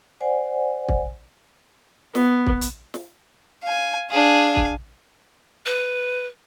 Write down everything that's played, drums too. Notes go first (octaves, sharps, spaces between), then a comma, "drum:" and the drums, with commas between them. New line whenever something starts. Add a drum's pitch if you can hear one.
C5 D5 F#5 G#5
drum: kick
B3, drum: snare
drum: kick
drum: hi-hat
drum: snare
F5 G#5
D4 G#4 F5 G#5
drum: kick
B4